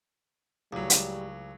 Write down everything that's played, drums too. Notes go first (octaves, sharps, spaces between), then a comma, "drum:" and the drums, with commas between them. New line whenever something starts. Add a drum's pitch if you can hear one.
C#2 A2 F#3 G3
drum: hi-hat